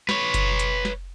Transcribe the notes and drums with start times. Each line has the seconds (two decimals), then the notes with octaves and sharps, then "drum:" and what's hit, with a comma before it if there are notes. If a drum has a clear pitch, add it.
0.09 B4 C#5, drum: snare
0.34 drum: kick F#1, hi-hat
0.60 drum: hi-hat
0.85 drum: snare